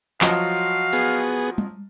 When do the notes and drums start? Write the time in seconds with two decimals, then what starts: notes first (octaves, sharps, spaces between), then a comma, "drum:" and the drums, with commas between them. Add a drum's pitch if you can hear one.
0.21 F3 F#3 F#4 D#5 F5, drum: clap
0.93 B3 G#4, drum: hi-hat
1.58 drum: tom G3